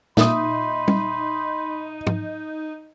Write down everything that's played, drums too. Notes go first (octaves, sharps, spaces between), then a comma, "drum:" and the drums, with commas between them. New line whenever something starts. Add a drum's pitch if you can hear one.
A#2 D#4 E5 B5 C6 D#6, drum: snare
drum: tom
drum: tom G#2